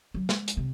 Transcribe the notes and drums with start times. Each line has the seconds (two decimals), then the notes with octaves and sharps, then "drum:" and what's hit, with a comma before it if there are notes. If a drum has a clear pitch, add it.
0.14 F#3
0.29 drum: snare
0.48 drum: hi-hat
0.57 C3